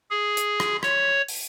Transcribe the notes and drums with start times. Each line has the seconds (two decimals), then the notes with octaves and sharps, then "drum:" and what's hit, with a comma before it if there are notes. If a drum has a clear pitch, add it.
0.11 G#4
0.37 drum: hi-hat
0.60 drum: rim click
0.83 C#5, drum: rim click
1.28 drum: open hi-hat